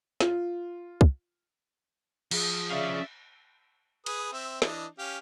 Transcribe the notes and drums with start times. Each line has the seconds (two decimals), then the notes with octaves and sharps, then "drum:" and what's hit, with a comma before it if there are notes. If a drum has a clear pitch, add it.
0.21 F4, drum: snare
1.01 drum: kick
2.31 F3 G#4, drum: cymbal
2.71 C#4 D5 E5 F5
4.06 G#4 B4 D#6, drum: cymbal
4.33 C4 E5
4.62 E3 D4 D#5, drum: snare
4.99 C#4 G4 F5